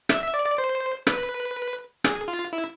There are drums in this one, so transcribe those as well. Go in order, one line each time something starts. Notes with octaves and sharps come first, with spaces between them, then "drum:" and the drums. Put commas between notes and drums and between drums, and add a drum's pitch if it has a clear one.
E5, drum: rim click
E5
D5
D5
C5
B4, drum: rim click
G#4, drum: rim click
F4
E4